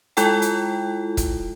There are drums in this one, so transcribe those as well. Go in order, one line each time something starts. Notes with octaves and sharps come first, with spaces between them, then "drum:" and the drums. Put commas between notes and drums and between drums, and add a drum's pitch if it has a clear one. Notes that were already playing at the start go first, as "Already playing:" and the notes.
G#3 E4 F4 A4 G5, drum: hi-hat
drum: hi-hat
drum: kick, hi-hat